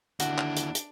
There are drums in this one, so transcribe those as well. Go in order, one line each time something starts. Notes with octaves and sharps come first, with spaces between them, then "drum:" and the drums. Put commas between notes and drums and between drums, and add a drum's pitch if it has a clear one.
D#2 D3 D4 E4 F#4, drum: hi-hat
drum: clap
drum: hi-hat
drum: hi-hat